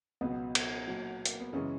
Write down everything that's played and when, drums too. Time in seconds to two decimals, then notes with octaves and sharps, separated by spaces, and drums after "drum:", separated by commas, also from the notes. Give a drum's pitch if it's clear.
0.21 C#2 B2 F#3 B3
0.55 drum: cymbal
0.88 A#2 F#3
1.26 A#3, drum: hi-hat
1.40 B3
1.53 F#2 C#3 E3 G#3 C#4